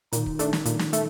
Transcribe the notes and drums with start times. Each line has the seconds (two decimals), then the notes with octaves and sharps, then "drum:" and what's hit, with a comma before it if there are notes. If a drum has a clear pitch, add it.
0.13 A#2 D#3 D#4, drum: hi-hat
0.26 drum: kick
0.39 A3 D4, drum: hi-hat
0.53 drum: snare
0.65 A#2, drum: hi-hat
0.79 drum: snare
0.93 A3, drum: hi-hat